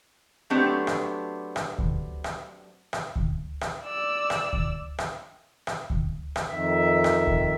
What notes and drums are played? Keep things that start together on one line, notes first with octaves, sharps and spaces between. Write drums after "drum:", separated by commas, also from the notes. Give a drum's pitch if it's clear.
F#3 A3 B3 C4 D4 G4
drum: rim click
drum: rim click
drum: kick D2
drum: rim click
drum: rim click
drum: kick D2
drum: rim click
D5 E6
drum: rim click
drum: kick D2
drum: rim click
drum: rim click
drum: kick D2
drum: rim click
F2 D#3 E5
drum: rim click
drum: kick D2